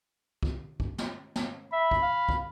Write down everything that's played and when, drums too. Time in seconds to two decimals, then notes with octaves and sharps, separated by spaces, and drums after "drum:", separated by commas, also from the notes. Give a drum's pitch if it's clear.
0.43 drum: kick
0.80 drum: kick
0.98 drum: snare
1.36 drum: snare
1.73 E5 B5
1.91 drum: kick
2.02 F5
2.29 drum: kick